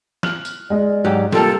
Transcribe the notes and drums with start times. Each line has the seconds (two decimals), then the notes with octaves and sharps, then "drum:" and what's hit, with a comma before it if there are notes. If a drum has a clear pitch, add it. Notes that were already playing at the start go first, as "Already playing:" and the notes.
0.23 F6 F#6 F#7, drum: snare
0.45 drum: tambourine
0.70 G#3 D5 D#5
1.05 G#2 F#3 G4
1.32 C3 G3 A#3 F4 A4, drum: snare